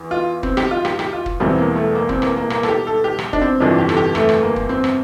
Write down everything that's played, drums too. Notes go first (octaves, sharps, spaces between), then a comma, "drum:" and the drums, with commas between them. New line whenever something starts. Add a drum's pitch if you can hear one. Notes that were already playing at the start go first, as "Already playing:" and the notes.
Already playing: E2 E3
F4
C4, drum: kick
G4, drum: rim click
F4
G4, drum: rim click
G4, drum: rim click
F4
drum: kick
E1 E2 E3 G3 C4
A#3
A3
A#3
C4, drum: kick
A#3, drum: rim click
A#3
A#3, drum: rim click
A4, drum: rim click
G4
A4
G4
drum: rim click
D4, drum: kick
C4
G1 F2 C3 E3 D4
G4
A4, drum: rim click
G4
A3, drum: rim click
drum: rim click
A#3
drum: kick
C4
drum: rim click